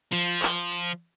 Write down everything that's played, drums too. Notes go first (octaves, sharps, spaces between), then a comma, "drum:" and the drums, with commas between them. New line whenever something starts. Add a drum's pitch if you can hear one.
F3, drum: hi-hat
drum: clap
drum: hi-hat